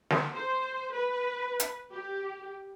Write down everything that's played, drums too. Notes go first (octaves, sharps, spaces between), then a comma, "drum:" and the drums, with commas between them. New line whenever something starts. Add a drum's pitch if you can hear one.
drum: snare
C5
B4
drum: hi-hat
G4